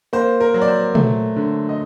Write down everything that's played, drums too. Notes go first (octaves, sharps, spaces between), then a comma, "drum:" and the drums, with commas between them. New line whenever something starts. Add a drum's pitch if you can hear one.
A#3 C5
A#4
F#3
D5
C5
A3, drum: tom
D3
D#5